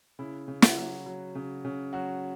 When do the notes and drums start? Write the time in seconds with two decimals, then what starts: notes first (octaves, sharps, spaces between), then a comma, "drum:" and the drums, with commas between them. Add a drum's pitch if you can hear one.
0.19 C#3 E4
0.48 C#3
0.62 F#4, drum: snare
0.77 F#3
1.06 F#3
1.35 C#3
1.65 C#3
1.93 F#3 F#4